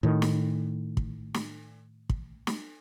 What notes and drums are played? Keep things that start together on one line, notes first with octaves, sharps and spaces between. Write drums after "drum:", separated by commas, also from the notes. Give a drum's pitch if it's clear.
A2 D#3
drum: snare
drum: kick
drum: snare
drum: kick
drum: snare